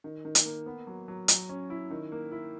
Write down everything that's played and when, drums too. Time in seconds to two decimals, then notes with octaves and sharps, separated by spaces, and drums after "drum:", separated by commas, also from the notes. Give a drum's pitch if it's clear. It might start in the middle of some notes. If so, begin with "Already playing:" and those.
0.04 D#3
0.25 D#3
0.35 drum: hi-hat
0.45 A#3
0.66 B3
0.87 F#3
1.08 F#3
1.28 F#3, drum: hi-hat
1.49 C#4
1.70 E4
1.91 D#3
2.12 A#3
2.32 E4